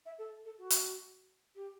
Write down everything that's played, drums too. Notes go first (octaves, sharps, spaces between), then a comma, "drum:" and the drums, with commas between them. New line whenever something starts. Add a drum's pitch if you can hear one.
E5
A4
A4
F#4
drum: hi-hat
G4